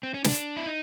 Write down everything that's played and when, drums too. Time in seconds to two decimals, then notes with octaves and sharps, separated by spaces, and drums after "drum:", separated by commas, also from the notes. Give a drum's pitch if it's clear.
0.03 C4
0.14 C#4
0.24 D4, drum: snare
0.56 E4
0.66 D#4